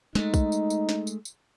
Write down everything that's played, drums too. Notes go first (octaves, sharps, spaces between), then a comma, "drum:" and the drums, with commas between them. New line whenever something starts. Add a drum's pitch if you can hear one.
G#3 A3 D#4, drum: snare
drum: kick A#1, tambourine
drum: tambourine
drum: tambourine
drum: snare
drum: tambourine
drum: tambourine